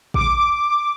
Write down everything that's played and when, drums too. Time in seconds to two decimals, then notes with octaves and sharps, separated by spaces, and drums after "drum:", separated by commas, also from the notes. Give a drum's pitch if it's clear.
0.14 D6, drum: kick